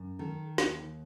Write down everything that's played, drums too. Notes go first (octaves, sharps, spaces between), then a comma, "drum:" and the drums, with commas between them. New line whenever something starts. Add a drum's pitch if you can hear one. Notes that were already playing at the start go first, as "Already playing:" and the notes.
Already playing: F#2
D#3 A4
D#2, drum: snare